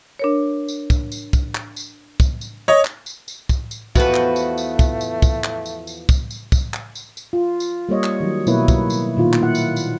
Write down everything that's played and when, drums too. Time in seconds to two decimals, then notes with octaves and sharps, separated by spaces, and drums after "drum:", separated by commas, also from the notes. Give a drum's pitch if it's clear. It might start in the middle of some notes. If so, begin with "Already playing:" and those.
0.19 D4 A#4 C#5
0.68 drum: tambourine
0.90 drum: kick, tambourine
1.12 drum: tambourine
1.33 drum: kick, tambourine
1.55 drum: clap
1.76 drum: tambourine
2.20 drum: kick, tambourine
2.41 drum: tambourine
2.68 C#5 D#5
2.85 drum: clap
3.06 drum: tambourine
3.28 drum: tambourine
3.49 drum: kick, tambourine
3.71 drum: tambourine
3.95 E2 F3 A3 B3 F#4 B4, drum: kick, tambourine
4.14 drum: clap
4.36 drum: tambourine
4.58 drum: tambourine
4.79 drum: kick, tambourine
5.01 drum: tambourine
5.22 drum: kick, tambourine
5.44 drum: clap
5.66 drum: tambourine
5.87 drum: tambourine
6.09 drum: kick, tambourine
6.30 drum: tambourine
6.52 drum: kick, tambourine
6.74 drum: clap
6.95 drum: tambourine
7.17 drum: tambourine
7.33 F4
7.60 drum: tambourine
7.89 G3 A#3 C#5 D#5
8.03 drum: clap
8.20 D#3 F#3
8.47 B2 F#3 A#3 E4 B4 C#5, drum: tambourine
8.68 drum: kick, tambourine
8.90 drum: tambourine
9.17 A#2 D#3 F4
9.33 drum: clap
9.43 E4 F#5
9.55 drum: tambourine
9.76 drum: tambourine